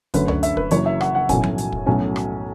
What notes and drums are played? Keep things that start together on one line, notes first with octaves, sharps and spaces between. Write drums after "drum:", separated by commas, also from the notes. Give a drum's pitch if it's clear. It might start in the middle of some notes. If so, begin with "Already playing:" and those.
F#2 D3 A3 C#4 B4, drum: kick, hi-hat
C#5, drum: tom C#2
E5, drum: hi-hat
B4, drum: kick
F#1 F#2 E3 C#5, drum: hi-hat
E5
F#5, drum: rim click
F#5
B1 A2 F#3 A3 C#4 G#5, drum: kick, hi-hat
drum: tom F3
drum: hi-hat
drum: kick
B1 A2 F#3 A3 C#4 G#5
drum: rim click